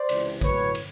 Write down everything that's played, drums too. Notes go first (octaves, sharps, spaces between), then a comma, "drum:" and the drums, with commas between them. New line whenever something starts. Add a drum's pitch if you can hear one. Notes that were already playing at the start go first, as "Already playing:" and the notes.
Already playing: C5 D5
C#2 C3 E3, drum: cymbal
A2 F#3 B4 C#5, drum: kick A1
drum: cymbal